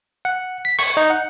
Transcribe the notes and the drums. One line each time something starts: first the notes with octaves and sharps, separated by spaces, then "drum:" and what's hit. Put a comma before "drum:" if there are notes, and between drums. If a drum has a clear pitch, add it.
F#5
B6
C#6, drum: open hi-hat
D#4
F#5